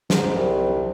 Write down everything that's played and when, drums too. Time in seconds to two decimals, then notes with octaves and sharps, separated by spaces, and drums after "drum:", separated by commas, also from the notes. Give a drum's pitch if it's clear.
0.10 G#2, drum: snare
0.35 C2